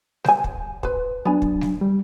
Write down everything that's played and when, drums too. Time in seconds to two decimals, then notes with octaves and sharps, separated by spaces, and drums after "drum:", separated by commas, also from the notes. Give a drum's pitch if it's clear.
0.24 C5 G#5, drum: snare
0.44 drum: kick
0.83 B4 C5, drum: kick
1.25 F#3 B3 D4 G#5
1.42 drum: kick
1.61 drum: snare
1.81 G3